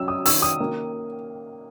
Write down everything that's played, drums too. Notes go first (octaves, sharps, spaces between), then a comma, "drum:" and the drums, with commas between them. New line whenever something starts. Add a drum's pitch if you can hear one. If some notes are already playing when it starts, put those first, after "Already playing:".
Already playing: F#3 C#4 E6
D#6
D#3 E6, drum: open hi-hat
D#6
A#3